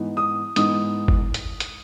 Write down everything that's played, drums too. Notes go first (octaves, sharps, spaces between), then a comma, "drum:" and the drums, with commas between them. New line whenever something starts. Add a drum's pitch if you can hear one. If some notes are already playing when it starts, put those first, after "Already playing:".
Already playing: G#2 E3 B3 D#4
D#6
G#2 E3 B3 D#4 D#6, drum: hi-hat
drum: kick
drum: hi-hat
drum: hi-hat